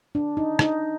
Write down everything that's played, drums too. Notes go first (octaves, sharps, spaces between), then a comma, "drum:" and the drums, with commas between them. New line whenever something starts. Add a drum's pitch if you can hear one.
D4
D#4
D#4, drum: rim click